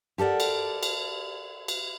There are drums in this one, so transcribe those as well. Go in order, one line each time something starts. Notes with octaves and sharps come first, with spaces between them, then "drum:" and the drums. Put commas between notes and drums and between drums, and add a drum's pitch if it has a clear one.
G4 A4 A#4 D5 F#5
drum: cymbal
drum: cymbal
drum: cymbal